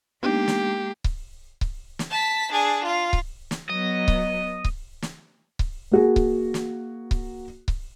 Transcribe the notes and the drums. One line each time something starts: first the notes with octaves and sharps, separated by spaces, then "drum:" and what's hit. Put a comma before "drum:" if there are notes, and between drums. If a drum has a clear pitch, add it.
G#3 A#3 B3 D4 D#4 G4
drum: snare
drum: kick C#1
drum: kick C#1
drum: snare
A5 B6
D4 G#4
F4
drum: kick C#1
drum: snare
F#3 B3 D#5
drum: kick C#1
drum: kick C#1
drum: snare
drum: kick C#1
A#3 F#4 G#4
drum: kick C#1
drum: snare
drum: kick C#1
drum: kick C#1